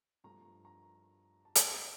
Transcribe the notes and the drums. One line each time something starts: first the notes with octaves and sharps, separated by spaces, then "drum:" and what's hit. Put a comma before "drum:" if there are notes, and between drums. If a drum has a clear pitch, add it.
G2 F3 A3 A#5
A#5
A5
G5, drum: hi-hat
A#5
D#5